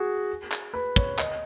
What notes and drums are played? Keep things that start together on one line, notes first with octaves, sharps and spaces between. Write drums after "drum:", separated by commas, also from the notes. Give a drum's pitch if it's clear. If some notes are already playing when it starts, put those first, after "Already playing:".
Already playing: F#4 G#4
drum: clap
B4
C#5, drum: kick, tambourine
D#5, drum: clap